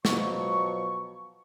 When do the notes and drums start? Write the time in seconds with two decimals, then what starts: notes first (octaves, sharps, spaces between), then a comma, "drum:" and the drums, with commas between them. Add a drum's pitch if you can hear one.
0.05 B2 F3 F#3 C#6, drum: snare